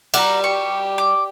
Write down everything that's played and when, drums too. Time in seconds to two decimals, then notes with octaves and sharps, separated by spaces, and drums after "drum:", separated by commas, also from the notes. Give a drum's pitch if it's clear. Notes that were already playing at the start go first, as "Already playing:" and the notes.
0.14 G3 F#5 G5 A#5, drum: cymbal
0.44 G4 C#6
0.98 D6